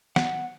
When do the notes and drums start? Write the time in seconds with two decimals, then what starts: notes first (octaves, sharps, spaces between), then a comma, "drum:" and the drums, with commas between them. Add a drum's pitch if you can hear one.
0.16 F#5, drum: snare